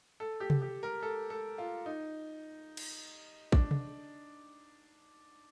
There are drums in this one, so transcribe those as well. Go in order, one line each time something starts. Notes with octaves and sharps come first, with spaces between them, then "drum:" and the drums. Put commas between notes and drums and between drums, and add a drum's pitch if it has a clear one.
A4
G4
drum: tom C3
G4
A#4
A4
A4
F4
D#4
drum: cymbal
D4, drum: kick
drum: tom C3